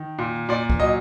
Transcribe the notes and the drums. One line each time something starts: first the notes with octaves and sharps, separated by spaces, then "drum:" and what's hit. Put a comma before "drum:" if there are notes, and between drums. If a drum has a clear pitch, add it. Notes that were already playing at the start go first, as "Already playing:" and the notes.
Already playing: D#3
A#2
A#2 D5
drum: kick C#2
F#3 D#5